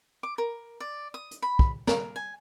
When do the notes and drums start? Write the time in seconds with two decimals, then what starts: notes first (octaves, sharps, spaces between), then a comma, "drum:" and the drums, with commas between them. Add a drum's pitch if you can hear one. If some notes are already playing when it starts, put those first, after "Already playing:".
0.23 D6
0.38 A#4
0.80 D5
1.14 D#6
1.31 drum: hi-hat
1.42 B5
1.59 drum: kick
1.87 A#4, drum: snare
2.16 G#5